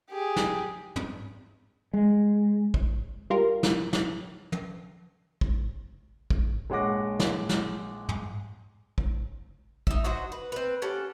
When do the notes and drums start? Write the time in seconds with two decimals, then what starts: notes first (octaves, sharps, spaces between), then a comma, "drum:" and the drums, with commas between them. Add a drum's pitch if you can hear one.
0.10 G4 G#4
0.36 drum: snare
0.96 drum: tom
1.93 G#3
2.74 drum: kick
3.30 G3 F4 A#4
3.63 drum: snare
3.93 drum: snare
4.52 drum: tom
5.41 drum: kick
6.30 drum: kick
6.70 A#1 G#3 C#5 F#5 D6 A#6
7.20 drum: snare
7.49 drum: snare
8.09 drum: tom
8.98 drum: kick
9.87 D#4 E5, drum: kick
10.04 F#3 D#4 F#4 C5
10.32 B4
10.52 C4 B4
10.82 C#4 G4 A4 F#5